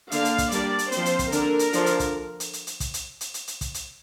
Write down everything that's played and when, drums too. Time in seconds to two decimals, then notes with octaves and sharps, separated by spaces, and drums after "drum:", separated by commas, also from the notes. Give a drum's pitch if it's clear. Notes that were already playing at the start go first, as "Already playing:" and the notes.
0.11 D3 A#3 D4 F5, drum: hi-hat
0.25 drum: hi-hat
0.38 drum: kick, hi-hat
0.52 G3 A#3 D4 D5, drum: hi-hat
0.79 drum: hi-hat
0.92 F3 C4 C5, drum: hi-hat
1.05 drum: hi-hat
1.19 drum: kick, hi-hat
1.32 D3 A#3 D4 A#4, drum: hi-hat
1.59 drum: hi-hat
1.73 D3 F3 D4, drum: hi-hat
1.86 drum: hi-hat
2.00 drum: kick, hi-hat
2.40 drum: hi-hat
2.53 drum: hi-hat
2.67 drum: hi-hat
2.80 drum: kick, hi-hat
2.94 drum: hi-hat
3.21 drum: hi-hat
3.34 drum: hi-hat
3.47 drum: hi-hat
3.61 drum: kick, hi-hat
3.74 drum: hi-hat